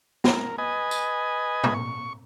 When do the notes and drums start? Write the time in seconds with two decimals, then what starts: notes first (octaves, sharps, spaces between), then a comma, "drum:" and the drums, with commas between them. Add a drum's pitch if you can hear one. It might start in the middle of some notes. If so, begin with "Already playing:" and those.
0.24 A#4, drum: snare
0.58 B4 D#5 G#5
0.91 drum: tambourine
1.64 drum: tom
1.74 C#6